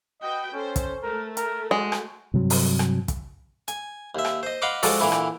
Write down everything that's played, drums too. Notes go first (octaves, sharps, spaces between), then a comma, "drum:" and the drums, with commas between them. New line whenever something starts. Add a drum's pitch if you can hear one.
F#4 B4 D#5 G5
C#4 A4 C5
drum: kick, hi-hat
A3 A#4
A#4, drum: hi-hat
G#3 F#4
drum: rim click
G2 C3 F#3
drum: open hi-hat
drum: rim click
drum: kick, hi-hat
G#5, drum: hi-hat
D#2 E5
drum: rim click
C5 D#5
D#5 F5 F#5 B5 C6 D6
F3 G#3 F#4 A4 D5, drum: open hi-hat
A#2 D3 E3 E4
drum: rim click